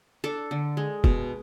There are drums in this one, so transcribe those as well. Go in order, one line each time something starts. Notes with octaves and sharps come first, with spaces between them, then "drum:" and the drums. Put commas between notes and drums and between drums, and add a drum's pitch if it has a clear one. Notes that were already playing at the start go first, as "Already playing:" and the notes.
D4 A4
D3
G#3
B2, drum: kick